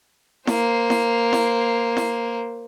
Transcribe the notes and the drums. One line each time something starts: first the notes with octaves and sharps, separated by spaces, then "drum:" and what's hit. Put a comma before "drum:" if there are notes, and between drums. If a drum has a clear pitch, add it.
A#3 C5, drum: snare E4
drum: snare E4
drum: snare E4
drum: snare E4